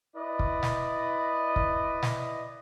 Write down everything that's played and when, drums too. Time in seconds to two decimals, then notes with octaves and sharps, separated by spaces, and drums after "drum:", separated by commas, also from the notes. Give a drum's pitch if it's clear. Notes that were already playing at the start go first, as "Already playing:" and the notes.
0.16 E4 B4 D5 D#5
0.39 drum: kick
0.63 drum: snare
1.56 drum: kick
2.03 drum: snare